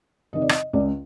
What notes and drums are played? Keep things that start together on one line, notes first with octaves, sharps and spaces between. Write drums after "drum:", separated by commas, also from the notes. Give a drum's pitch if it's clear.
C3 D#3 D#5
D5
D#5, drum: rim click
C#2 D5